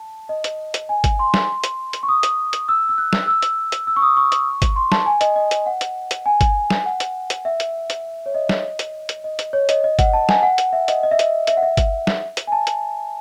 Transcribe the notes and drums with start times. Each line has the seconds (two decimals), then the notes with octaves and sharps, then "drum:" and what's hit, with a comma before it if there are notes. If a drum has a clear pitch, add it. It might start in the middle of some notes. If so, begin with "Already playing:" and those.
Already playing: A5
0.29 D#5
0.44 drum: hi-hat
0.74 drum: hi-hat
0.89 G#5
1.04 drum: kick G1, hi-hat
1.19 C6
1.34 drum: snare
1.64 drum: hi-hat
1.93 drum: hi-hat
2.03 C#6
2.09 D#6
2.23 drum: hi-hat
2.53 drum: hi-hat
2.69 E6
2.89 E6
2.98 F#6
3.13 drum: snare
3.27 E6
3.42 drum: hi-hat
3.72 drum: hi-hat
3.87 E6
3.96 C#6
4.02 D#6
4.17 C#6
4.32 drum: hi-hat
4.62 drum: kick G1, hi-hat
4.76 C6
4.92 A5, drum: snare
5.06 G#5
5.21 D#5, drum: hi-hat
5.36 D#5
5.51 drum: hi-hat
5.66 F#5
5.81 drum: hi-hat
6.11 drum: hi-hat
6.26 G#5
6.41 drum: kick G1, hi-hat
6.70 drum: snare
6.86 F#5
7.00 drum: hi-hat
7.30 drum: hi-hat
7.45 E5
7.60 drum: hi-hat
7.90 drum: hi-hat
8.26 C#5
8.34 D#5
8.49 drum: snare
8.79 drum: hi-hat
9.09 drum: hi-hat
9.24 D#5
9.39 drum: hi-hat
9.53 C#5
9.69 D#5, drum: hi-hat
9.84 D#5
9.99 F#5, drum: kick G1, hi-hat
10.13 A5
10.29 G#5, drum: snare
10.43 F#5
10.58 drum: hi-hat
10.73 E5
10.88 D#5, drum: hi-hat
11.03 D#5
11.11 E5
11.19 D#5, drum: hi-hat
11.47 E5, drum: hi-hat
11.57 F#5
11.63 E5
11.77 drum: kick G1, hi-hat
12.07 drum: snare
12.37 drum: hi-hat
12.47 G#5
12.52 A5
12.67 drum: hi-hat